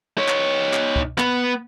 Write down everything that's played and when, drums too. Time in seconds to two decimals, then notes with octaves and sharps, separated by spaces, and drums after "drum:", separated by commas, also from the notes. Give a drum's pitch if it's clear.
0.18 D#4 C#5
0.28 drum: clap
0.73 drum: clap
0.96 drum: kick C#2
1.18 B3, drum: clap